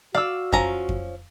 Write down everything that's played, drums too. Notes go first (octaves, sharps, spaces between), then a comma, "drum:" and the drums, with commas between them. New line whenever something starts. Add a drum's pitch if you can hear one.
F#4 D5 F5 E6
F3 C#4 A#5, drum: kick F2
drum: kick F2